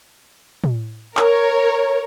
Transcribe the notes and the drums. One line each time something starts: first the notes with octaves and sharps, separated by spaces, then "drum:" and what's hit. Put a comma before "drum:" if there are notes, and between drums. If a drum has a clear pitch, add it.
drum: tom
A#4 C#5, drum: clap